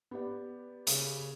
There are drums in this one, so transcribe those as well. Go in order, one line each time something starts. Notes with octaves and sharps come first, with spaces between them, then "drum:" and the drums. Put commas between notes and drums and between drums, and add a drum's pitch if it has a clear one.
B3 G4 D5
C#3, drum: hi-hat